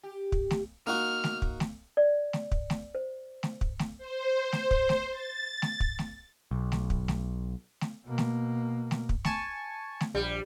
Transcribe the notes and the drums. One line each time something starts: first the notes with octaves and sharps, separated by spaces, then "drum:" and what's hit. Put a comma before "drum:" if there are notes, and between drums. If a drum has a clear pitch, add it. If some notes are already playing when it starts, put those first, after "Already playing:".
G4
drum: kick
drum: snare A3
A#3 D#4 F#4 F6
drum: snare A3
drum: kick
drum: snare A3
D5
drum: snare A3
drum: kick
drum: snare A3
C5
drum: snare A3
drum: kick
drum: snare A3
C5
drum: snare A3
drum: kick
drum: snare A3
A6
drum: snare A3
drum: kick
drum: snare A3
B1
drum: snare A3
drum: kick
drum: snare A3
drum: snare A3
B2 A#3
drum: snare A3
drum: snare A3
drum: kick
G#5 A5 C#6, drum: snare A3
drum: snare A3
A#1 G3